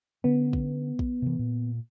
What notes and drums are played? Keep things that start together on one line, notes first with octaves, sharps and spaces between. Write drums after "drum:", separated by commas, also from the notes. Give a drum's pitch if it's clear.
D3 B3 C#4
drum: kick
drum: kick
C3 E3
A#2